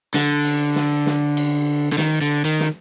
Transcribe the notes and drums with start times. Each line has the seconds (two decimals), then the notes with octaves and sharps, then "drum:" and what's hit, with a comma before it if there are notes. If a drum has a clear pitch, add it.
0.14 D3, drum: snare
0.45 drum: cymbal
0.76 drum: snare
1.06 drum: snare
1.37 drum: cymbal
1.92 D3
1.98 D#3, drum: snare
2.21 D3
2.45 D#3
2.60 drum: snare